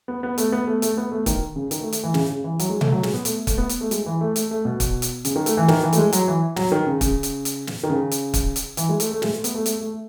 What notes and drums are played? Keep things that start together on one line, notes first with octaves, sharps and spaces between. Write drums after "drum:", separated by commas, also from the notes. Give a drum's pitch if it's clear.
B3
B3
A3, drum: hi-hat
B3
A3
A3, drum: hi-hat
B3
A3
D#3, drum: kick, hi-hat
C#3
D#3, drum: hi-hat
A3
A3, drum: hi-hat
E3
C#3, drum: snare
C#3
E3
F#3, drum: hi-hat
G#3
A3, drum: tom B2
F#3
G#3, drum: snare
B3
A3, drum: hi-hat
A3, drum: kick, hi-hat
B3
drum: hi-hat
A3
G#3, drum: hi-hat
E3
A3
A3, drum: hi-hat
A3
B2
drum: kick, hi-hat
drum: hi-hat
C#3, drum: hi-hat
D#3
A3, drum: hi-hat
E3
D#3, drum: snare
E3
A3, drum: hi-hat
G#3
F#3, drum: hi-hat
E3
F#3, drum: snare
D#3
C#3
C#3, drum: kick, hi-hat
drum: hi-hat
drum: hi-hat
drum: snare
D#3
C#3
drum: hi-hat
drum: kick, hi-hat
drum: hi-hat
E3, drum: hi-hat
G#3
A3, drum: hi-hat
A3
G#3, drum: snare
A3
B3, drum: hi-hat
A3
A3, drum: hi-hat
A3